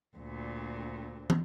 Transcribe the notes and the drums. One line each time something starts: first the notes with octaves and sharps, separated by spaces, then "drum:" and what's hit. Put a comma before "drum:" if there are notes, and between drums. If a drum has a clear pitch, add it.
D2 A#2
drum: tom